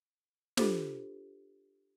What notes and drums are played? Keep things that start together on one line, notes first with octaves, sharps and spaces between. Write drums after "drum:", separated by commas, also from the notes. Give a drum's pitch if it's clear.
D4 F4 G4 A4 C5, drum: snare